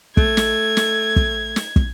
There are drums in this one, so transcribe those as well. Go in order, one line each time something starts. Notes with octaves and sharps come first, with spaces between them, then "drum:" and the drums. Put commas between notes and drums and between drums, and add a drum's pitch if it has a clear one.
A3 G#6, drum: kick
drum: snare
drum: snare
drum: kick
drum: snare
drum: kick